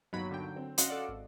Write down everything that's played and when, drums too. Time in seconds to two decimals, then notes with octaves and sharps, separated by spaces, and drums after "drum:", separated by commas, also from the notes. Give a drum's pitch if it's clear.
0.13 G1 D#2 F#3 B5
0.31 D3 F#3 G5
0.56 C4
0.78 C#4 F#4 D#5 F5 F#5 C6, drum: hi-hat
0.90 A4 D5
1.08 G#1